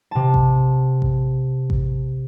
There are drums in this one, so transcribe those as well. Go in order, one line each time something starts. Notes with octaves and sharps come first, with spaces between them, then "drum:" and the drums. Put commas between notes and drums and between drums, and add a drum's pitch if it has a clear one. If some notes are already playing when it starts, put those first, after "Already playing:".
C3 A5
drum: kick A1
drum: kick A1
drum: kick A1